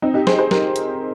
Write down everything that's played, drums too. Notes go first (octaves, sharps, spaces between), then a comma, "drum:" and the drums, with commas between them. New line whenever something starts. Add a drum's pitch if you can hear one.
C4 D#4
D#4 G4
G#4 C5, drum: snare
G#4 C5
G4 A#4, drum: snare
drum: hi-hat